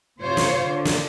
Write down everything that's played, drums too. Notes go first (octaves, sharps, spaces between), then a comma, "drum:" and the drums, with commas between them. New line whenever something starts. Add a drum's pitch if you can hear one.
C3 F4 C5 C#5
drum: snare
D3
drum: snare